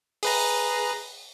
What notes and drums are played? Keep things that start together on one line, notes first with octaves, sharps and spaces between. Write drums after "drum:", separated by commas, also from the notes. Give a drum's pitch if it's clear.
G#4 B4 A#5, drum: open hi-hat